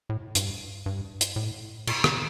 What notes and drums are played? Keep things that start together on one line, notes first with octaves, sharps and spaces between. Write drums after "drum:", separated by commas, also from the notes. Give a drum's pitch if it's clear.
A2
G2, drum: hi-hat
G2
drum: hi-hat
A2
A#2, drum: cymbal
D3, drum: rim click